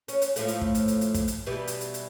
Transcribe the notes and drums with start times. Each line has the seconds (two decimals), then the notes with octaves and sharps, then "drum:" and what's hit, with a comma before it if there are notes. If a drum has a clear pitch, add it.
0.08 C#4, drum: hi-hat
0.22 drum: hi-hat
0.36 A2 F3 A3, drum: hi-hat
0.48 drum: hi-hat
0.61 drum: kick
0.75 drum: hi-hat
0.88 drum: hi-hat
1.01 drum: hi-hat
1.14 drum: kick, hi-hat
1.28 drum: hi-hat
1.46 B2 E3 G3
1.67 drum: hi-hat
1.81 drum: hi-hat
1.94 drum: hi-hat